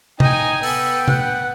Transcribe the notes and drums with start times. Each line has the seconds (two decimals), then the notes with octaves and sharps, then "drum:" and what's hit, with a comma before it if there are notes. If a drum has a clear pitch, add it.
0.20 D#4 D#5 G5 G#5, drum: tom C3
0.63 B3 A4, drum: open hi-hat
1.08 F#5, drum: tom C3